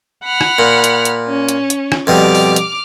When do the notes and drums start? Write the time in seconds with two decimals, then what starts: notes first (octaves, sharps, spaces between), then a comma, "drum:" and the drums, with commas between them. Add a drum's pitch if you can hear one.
0.23 F#5 B5 F6
0.41 drum: rim click
0.59 A#2
0.84 drum: hi-hat
1.05 drum: hi-hat
1.27 C#4
1.49 drum: hi-hat
1.70 drum: hi-hat
1.92 drum: rim click
2.07 F2 B2 G3 D6 F6
2.35 drum: open hi-hat
2.56 drum: hi-hat